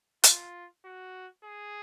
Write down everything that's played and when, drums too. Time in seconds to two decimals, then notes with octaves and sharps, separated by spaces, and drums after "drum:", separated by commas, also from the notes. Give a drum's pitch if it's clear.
0.23 F4, drum: hi-hat
0.85 F#4
1.45 G#4